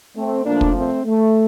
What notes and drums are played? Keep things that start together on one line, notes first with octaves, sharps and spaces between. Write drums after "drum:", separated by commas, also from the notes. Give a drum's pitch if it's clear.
A3 C4
A#2 F3 A3 A#3 D4
drum: kick
A3 C4
A3